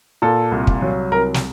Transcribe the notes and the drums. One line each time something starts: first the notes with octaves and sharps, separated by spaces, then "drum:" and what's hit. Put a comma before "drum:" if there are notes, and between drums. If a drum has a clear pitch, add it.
A#2 A4
C2
drum: kick
F#3
C2 A#4
drum: snare